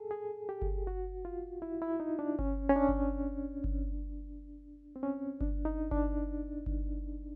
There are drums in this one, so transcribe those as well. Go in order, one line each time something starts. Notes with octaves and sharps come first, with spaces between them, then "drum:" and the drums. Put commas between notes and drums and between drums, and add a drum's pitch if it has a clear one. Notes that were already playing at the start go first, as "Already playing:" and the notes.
Already playing: G#4 A4
G#4
G4
drum: kick G1
F#4
F4
E4
E4
D#4
D4
C#4, drum: kick G1
C#4
D4
drum: kick G1
drum: kick G1
C4
C#4
D4, drum: kick G1
D#4
D4, drum: kick G1
drum: kick G1